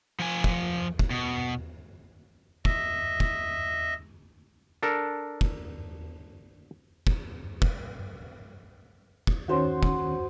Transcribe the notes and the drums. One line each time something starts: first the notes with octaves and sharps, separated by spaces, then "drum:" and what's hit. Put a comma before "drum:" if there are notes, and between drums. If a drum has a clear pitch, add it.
F3 G#5
drum: kick
drum: kick
B2
D#5 E5, drum: kick
drum: kick
D4 A4 A#4
drum: kick
drum: kick
drum: kick
drum: kick
D#3 C#4 F#4 C5
drum: kick